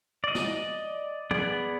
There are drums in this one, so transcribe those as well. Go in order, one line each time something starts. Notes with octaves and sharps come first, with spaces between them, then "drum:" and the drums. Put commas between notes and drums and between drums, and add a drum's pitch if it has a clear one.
D5 D#5
drum: snare
B3 G#4 D5, drum: tom F3